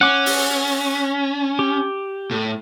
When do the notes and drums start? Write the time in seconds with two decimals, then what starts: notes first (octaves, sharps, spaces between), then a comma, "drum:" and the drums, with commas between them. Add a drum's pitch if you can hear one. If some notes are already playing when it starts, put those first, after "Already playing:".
0.01 C#4 F#5 D6
0.26 drum: open hi-hat
1.59 G4
2.31 A2